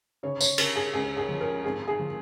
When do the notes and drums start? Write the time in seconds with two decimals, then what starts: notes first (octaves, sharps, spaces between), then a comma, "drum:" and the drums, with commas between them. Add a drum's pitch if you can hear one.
0.23 C#3 C#5
0.41 C#5, drum: tambourine
0.58 C#3 A#4, drum: cymbal
0.76 G#4
0.93 C#2 G#4
1.17 G#4
1.29 F3
1.41 A#4
1.64 G#1 G#4
1.87 G#4
2.00 F3